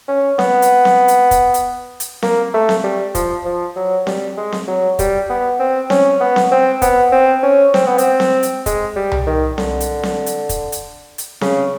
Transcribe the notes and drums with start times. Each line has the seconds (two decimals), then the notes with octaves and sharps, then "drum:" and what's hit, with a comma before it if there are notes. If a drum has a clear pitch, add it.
0.08 C#4
0.39 B3, drum: snare C4
0.62 drum: hi-hat
0.85 drum: snare C4
1.08 drum: hi-hat
1.31 drum: kick, hi-hat
1.54 drum: hi-hat
2.00 drum: hi-hat
2.22 A#3, drum: snare C4
2.54 A3
2.69 drum: snare C4
2.84 G3
3.15 F3, drum: kick, hi-hat
3.45 F3
3.76 F#3
4.07 G3, drum: snare C4
4.37 G#3
4.52 drum: snare C4
4.68 F#3
4.99 G3, drum: kick, hi-hat
5.29 B3
5.60 C4
5.90 C#4, drum: snare C4
6.20 B3
6.36 drum: snare C4
6.52 C4
6.82 B3, drum: kick, hi-hat
7.12 C4
7.43 C#4
7.74 C4, drum: snare C4
7.86 B3
7.98 C4, drum: hi-hat
8.20 drum: snare C4
8.43 drum: hi-hat
8.66 G#3, drum: kick, hi-hat
8.96 G3
9.12 drum: tom C2
9.27 D#3
9.58 D3, drum: snare C4
9.80 drum: hi-hat
10.03 drum: snare C4
10.26 drum: hi-hat
10.49 drum: kick, hi-hat
10.72 drum: hi-hat
11.18 drum: hi-hat
11.41 C#3, drum: snare C4